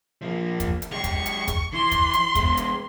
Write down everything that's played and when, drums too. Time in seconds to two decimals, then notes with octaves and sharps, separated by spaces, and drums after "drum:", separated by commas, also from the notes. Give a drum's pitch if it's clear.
0.22 F3 A#3
0.60 drum: kick, hi-hat
0.82 drum: hi-hat
0.92 G#3 G4 C#6
1.04 drum: kick, hi-hat
1.26 drum: hi-hat
1.48 drum: kick, hi-hat
1.73 E3 C6
1.91 drum: kick, hi-hat
2.13 drum: hi-hat
2.35 G#3 B3, drum: kick, hi-hat
2.57 drum: hi-hat